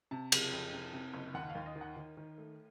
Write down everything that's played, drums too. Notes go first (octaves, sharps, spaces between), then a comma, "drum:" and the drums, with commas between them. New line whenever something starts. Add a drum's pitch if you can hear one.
C3 A5
F#1, drum: cymbal
F2
C3
C3
F#1
D#2 F#5
F5
D#2
D#5
D#3
F#5
D#3
D#3
A3